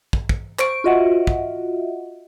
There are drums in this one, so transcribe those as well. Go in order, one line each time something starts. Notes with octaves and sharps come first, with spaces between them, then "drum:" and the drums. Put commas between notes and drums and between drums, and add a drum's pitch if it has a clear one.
drum: kick
drum: kick
C5 C#6 D7, drum: clap
F4 F#4 D#5 E5 F#5
drum: kick